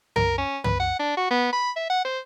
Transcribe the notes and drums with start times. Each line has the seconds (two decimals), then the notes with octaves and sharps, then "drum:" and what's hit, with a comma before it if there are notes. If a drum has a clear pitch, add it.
0.16 A#4, drum: tom
0.38 C#4
0.64 B4, drum: tom
0.80 F#5
1.00 D4
1.17 F#4
1.31 B3
1.53 B5
1.76 E5
1.90 F#5
2.05 C5